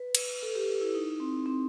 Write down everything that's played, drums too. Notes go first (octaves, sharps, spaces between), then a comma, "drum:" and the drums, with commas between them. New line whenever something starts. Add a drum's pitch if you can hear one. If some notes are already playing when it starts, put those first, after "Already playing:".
Already playing: B4
drum: cymbal
A4
G4
E4
D#4
C4
C4